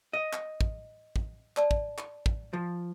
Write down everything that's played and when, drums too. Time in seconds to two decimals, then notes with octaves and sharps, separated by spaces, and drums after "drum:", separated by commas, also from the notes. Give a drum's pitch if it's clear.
0.13 D#5
0.33 drum: clap
0.61 drum: kick
1.16 drum: kick
1.57 D5 A5, drum: clap
1.71 drum: kick
1.98 drum: clap
2.26 drum: kick
2.53 F3